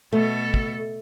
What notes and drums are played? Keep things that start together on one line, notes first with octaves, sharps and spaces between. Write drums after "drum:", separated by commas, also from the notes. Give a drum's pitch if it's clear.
B2 A3 A4
drum: kick